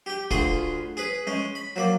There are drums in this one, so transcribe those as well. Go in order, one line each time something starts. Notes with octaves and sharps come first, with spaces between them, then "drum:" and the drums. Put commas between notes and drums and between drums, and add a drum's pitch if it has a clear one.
G4 G5
D2 F4 F#4 G#4 B5 C6, drum: kick
G#4 B4
G#3 C#4
B5
F#3 A#3 D5